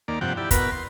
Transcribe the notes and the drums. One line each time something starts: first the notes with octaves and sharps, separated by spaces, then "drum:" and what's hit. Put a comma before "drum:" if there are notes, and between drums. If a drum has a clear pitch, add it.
D#2 A#3 D5
G2 C3 F3 F#5 G5
E4 G4 D5
B3 F#4 A#4 B4, drum: kick, hi-hat
C6